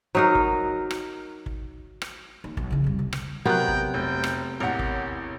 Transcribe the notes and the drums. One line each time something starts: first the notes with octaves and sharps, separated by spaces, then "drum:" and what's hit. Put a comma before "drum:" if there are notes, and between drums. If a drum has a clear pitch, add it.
F#3 D#4 A#4
drum: kick
drum: rim click
drum: kick
drum: rim click
D#2
B1, drum: kick
C#3 E3
F2 G3
C3
drum: rim click
C3 F#3 B3 A#4 G5 F#6
drum: kick
F1 G5
drum: rim click
A1 E2 G4 A#4 F#5
drum: kick